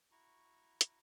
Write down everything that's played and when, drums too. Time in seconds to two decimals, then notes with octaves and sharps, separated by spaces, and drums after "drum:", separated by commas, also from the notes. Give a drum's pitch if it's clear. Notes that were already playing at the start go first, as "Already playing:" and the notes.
0.11 E4 F#4 A#5 C#6
0.81 drum: hi-hat